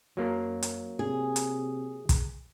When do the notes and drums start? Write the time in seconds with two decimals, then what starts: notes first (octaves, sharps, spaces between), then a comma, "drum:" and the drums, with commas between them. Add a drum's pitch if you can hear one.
0.17 F#2 F#3 A#3 A#4
0.63 drum: hi-hat
0.99 C3 G#4
1.36 drum: hi-hat
2.09 drum: kick, hi-hat